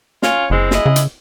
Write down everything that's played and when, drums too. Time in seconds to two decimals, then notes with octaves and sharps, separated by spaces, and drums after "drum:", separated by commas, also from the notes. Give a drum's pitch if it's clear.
0.22 C#4 F4 C#5, drum: snare
0.50 F#1 E3 G#3 C4
0.71 G#3 E4 D#5, drum: snare
0.86 C#3
0.96 drum: hi-hat